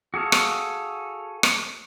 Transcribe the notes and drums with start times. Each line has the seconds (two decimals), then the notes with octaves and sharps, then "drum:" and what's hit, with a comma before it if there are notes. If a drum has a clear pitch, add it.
0.14 F#4 G#4 A4 F5
0.32 drum: rim click
1.43 drum: rim click